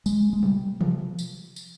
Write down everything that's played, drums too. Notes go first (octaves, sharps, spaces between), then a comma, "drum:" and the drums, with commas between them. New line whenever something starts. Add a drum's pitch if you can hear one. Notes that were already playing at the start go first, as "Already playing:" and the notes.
G#3, drum: tambourine
G#3
G3, drum: tom
F3, drum: tom
drum: tambourine
drum: tambourine